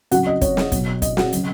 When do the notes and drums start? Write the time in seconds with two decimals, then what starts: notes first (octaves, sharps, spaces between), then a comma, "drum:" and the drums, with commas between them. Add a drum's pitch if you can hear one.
0.11 C#3 F#3 F#4 F#5, drum: hi-hat
0.27 D#5
0.42 C#5, drum: kick, hi-hat
0.57 drum: snare
0.72 B2 F#3, drum: kick, hi-hat
1.02 D#5, drum: kick, hi-hat
1.17 F#4 F#5, drum: snare
1.33 C#3 F#3, drum: hi-hat